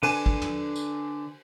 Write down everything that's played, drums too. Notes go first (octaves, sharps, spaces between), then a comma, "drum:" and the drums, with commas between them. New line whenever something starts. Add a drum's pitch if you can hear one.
D3 B4 G#5, drum: cymbal
drum: kick
drum: tom
drum: tambourine